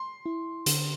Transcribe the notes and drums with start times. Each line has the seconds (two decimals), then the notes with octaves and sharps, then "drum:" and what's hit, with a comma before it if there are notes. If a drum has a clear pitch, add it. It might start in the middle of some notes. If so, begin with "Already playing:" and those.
Already playing: C6
0.26 E4
0.66 D3, drum: hi-hat